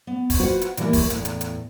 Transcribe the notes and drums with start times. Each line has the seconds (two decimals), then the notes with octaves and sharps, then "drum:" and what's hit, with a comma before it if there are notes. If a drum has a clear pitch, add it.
0.07 B3
0.30 drum: kick, open hi-hat
0.40 F4 F#4 B4 C5 F#5
0.61 drum: hi-hat
0.77 D#3 E3 G3 A3 A#3 E4, drum: hi-hat
0.93 drum: kick, open hi-hat
1.10 E2 A2, drum: hi-hat
1.25 drum: hi-hat
1.41 drum: hi-hat